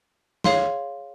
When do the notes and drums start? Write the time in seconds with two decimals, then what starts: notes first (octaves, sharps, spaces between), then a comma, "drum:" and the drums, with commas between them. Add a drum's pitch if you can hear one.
0.44 G#4 C#5 F5 C6, drum: snare